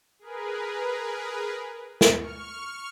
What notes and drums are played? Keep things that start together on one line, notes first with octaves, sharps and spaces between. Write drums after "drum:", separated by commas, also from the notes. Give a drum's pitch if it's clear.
G#4 A#4 B4
drum: snare
C#6 F6